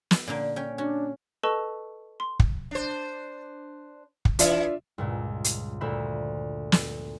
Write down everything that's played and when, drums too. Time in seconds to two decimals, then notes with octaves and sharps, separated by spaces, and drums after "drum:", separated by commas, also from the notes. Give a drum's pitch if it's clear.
0.11 drum: snare
0.28 A#2 D3 A#3
0.56 C#4 G5
0.78 C#4 D4 F#4
1.43 A4 B4 D#5 A5 C#6 E6
2.20 C6
2.40 drum: kick
2.71 D4 C5
4.25 drum: kick
4.39 E3 D4 E4 F4 E5, drum: hi-hat
4.98 C#2 G2 A#2
5.44 drum: hi-hat
5.81 D2 A#2 C5 E5 B5
6.72 drum: snare